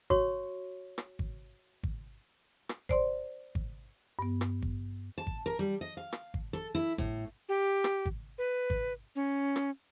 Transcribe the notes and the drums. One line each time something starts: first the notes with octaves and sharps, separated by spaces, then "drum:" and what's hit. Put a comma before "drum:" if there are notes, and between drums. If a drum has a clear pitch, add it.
F#4 C#5 C#6, drum: kick G#1
drum: rim click
drum: kick G#1
drum: kick G#1
drum: rim click
C5 D5 C6, drum: kick G#1
drum: kick G#1
G2 B3
drum: rim click
drum: kick G#1
A5
drum: kick G#1
A#4
G3
D#5
F5
drum: rim click
drum: kick G#1
A4
E4
A2, drum: kick G#1
G4
drum: rim click
drum: kick G#1
B4
drum: kick G#1
C#4
drum: rim click